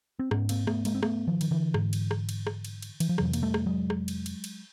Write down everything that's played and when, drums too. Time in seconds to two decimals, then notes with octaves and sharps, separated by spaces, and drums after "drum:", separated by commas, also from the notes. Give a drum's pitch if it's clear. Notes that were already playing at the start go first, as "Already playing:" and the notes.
0.19 C4
0.31 G#2 B3 C#4, drum: rim click
0.49 A#3 C4, drum: cymbal
0.67 A3 B3, drum: rim click
0.85 G#3 A#3, drum: cymbal
0.95 C4
1.03 A3 B3, drum: rim click
1.27 D#3 F3
1.41 D#3, drum: cymbal
1.51 D3 E3
1.74 G#2, drum: rim click
1.93 drum: cymbal
2.11 drum: rim click
2.29 drum: cymbal
2.47 drum: rim click
2.65 drum: cymbal
2.82 drum: cymbal
3.00 E3, drum: cymbal
3.09 F3
3.18 F2 C3 E3 F#3, drum: rim click
3.33 A#3, drum: cymbal
3.42 G3 A3
3.54 drum: rim click
3.66 F#3 G#3
3.90 drum: rim click
4.08 drum: cymbal
4.26 drum: cymbal
4.44 drum: cymbal